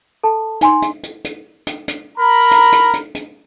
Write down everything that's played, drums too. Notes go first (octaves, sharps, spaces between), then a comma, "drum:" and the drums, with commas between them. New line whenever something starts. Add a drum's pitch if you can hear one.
A4 A5
D#4 G#5 C6, drum: hi-hat
drum: hi-hat
drum: hi-hat
drum: hi-hat
drum: hi-hat
drum: hi-hat
A#4 A#5 B5
drum: hi-hat
drum: hi-hat
drum: hi-hat
drum: hi-hat